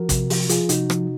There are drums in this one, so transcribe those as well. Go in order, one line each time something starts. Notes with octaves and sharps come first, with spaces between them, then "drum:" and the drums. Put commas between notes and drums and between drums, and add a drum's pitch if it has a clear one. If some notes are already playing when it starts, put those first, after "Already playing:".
Already playing: F3 F#4 A#4
C3, drum: kick, hi-hat
F3, drum: open hi-hat
F3 F4 G#4, drum: hi-hat
C3 D#4 F#4, drum: hi-hat
F3, drum: rim click